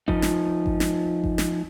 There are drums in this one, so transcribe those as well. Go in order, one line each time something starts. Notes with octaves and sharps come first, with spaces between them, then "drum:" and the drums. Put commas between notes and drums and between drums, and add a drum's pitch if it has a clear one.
F3 D#4, drum: kick G#1
drum: snare
drum: kick G#1
drum: snare
drum: kick G#1
drum: snare